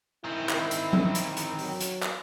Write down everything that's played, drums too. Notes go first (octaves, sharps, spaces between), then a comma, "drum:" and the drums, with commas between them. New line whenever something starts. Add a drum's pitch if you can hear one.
D#3 C4 E4
drum: clap
drum: hi-hat
drum: tom F3
drum: hi-hat
drum: hi-hat
F#3, drum: open hi-hat
drum: hi-hat
drum: clap